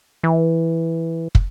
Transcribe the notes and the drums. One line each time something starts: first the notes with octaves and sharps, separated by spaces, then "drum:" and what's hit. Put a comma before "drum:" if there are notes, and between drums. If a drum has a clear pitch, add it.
E3
drum: kick